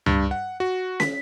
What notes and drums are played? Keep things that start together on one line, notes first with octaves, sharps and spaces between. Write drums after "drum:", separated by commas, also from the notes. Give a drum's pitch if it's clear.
G2, drum: tom C#2
F#5
F#4
B6, drum: snare